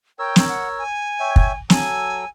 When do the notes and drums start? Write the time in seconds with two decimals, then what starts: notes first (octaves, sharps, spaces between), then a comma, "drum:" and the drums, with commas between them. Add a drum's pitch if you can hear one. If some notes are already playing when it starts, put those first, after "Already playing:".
0.19 A#4 C#5 G5 E6
0.36 drum: snare
0.49 F#5
0.78 G#5
1.20 C#5 E5 G5
1.36 drum: kick
1.70 F#3 A4 G#5 E6, drum: snare